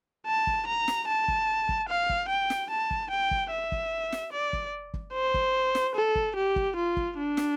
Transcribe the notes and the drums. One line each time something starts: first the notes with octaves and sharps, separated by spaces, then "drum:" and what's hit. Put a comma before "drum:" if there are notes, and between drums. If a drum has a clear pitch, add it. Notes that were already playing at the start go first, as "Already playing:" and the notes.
A5
drum: kick
A#5
drum: snare
A5
drum: kick
drum: kick
F5
drum: kick
G5
drum: snare
A5
drum: kick
G5
drum: kick
E5
drum: kick
drum: snare
D5
drum: kick
drum: kick
C5
drum: kick
drum: snare
A4
drum: kick
G4
drum: kick
F4
drum: kick
D4
drum: snare